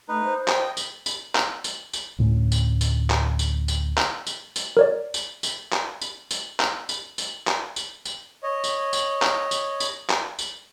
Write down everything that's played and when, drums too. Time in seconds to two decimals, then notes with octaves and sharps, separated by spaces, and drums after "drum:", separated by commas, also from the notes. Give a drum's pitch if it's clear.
0.09 A3 D#4 B4
0.24 C5
0.48 D#5 G5, drum: clap
0.77 drum: tambourine
1.06 drum: tambourine
1.35 drum: clap
1.64 drum: tambourine
1.93 drum: tambourine
2.19 D2 A2 C#4
2.52 drum: tambourine
2.81 drum: tambourine
3.10 drum: clap
3.39 drum: tambourine
3.68 drum: tambourine
3.97 drum: clap
4.27 drum: tambourine
4.56 drum: tambourine
4.77 A#4 C#5 D5
5.14 drum: tambourine
5.43 drum: tambourine
5.72 drum: clap
6.01 drum: tambourine
6.31 drum: tambourine
6.60 drum: clap
6.89 drum: tambourine
7.18 drum: tambourine
7.47 drum: clap
7.76 drum: tambourine
8.06 drum: tambourine
8.43 C#5 D#5
8.64 drum: tambourine
8.93 drum: tambourine
9.22 drum: clap
9.51 drum: tambourine
9.80 drum: tambourine
10.10 drum: clap
10.39 drum: tambourine